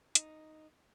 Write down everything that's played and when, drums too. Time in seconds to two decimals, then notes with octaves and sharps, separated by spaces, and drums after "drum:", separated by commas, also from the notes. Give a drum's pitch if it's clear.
0.15 D#4, drum: hi-hat